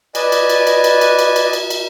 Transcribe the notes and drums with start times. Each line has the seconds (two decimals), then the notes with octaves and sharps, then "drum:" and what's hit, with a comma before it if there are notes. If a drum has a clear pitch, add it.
0.15 B4 D5 D#5 G#5, drum: cymbal
0.32 drum: cymbal
0.49 drum: cymbal
0.67 drum: cymbal
0.84 drum: cymbal
1.01 drum: cymbal
1.19 drum: cymbal
1.36 drum: cymbal
1.53 drum: cymbal
1.70 drum: cymbal